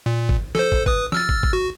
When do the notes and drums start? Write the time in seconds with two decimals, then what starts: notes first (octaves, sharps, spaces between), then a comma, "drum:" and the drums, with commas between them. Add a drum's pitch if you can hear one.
0.06 A#2
0.29 drum: kick
0.55 A4 C5, drum: snare F3
0.72 drum: kick
0.86 B4 D#6, drum: kick
1.12 E6 F6 A6, drum: snare F3
1.29 drum: kick
1.43 drum: kick
1.53 F#4